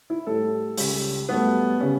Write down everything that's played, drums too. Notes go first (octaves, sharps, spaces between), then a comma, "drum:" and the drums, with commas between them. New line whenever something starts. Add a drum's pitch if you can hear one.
E4
A2 G3 A4
C#2 C#3 G3, drum: open hi-hat
G2 F#3 A3 B3
C#3 G3 C#4